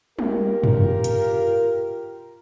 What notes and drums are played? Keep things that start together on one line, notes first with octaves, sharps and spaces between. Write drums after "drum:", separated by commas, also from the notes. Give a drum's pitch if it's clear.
F4 G4 A#4, drum: tom G3
drum: tom F#2
drum: hi-hat